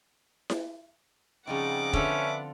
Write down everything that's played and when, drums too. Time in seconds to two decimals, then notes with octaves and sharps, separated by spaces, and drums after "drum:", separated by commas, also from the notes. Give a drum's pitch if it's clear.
0.50 drum: snare E4
1.47 C#3 F3 G3 C4 C#4 D#4 F#5 D6
1.93 D3 C#4 D4 F4 A4 B4 E5, drum: kick